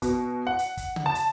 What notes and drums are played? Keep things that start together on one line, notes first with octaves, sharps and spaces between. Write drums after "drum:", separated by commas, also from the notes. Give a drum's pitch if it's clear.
B2, drum: kick, hi-hat
F#5
drum: hi-hat
drum: kick, hi-hat
drum: tom C#3
A5
drum: hi-hat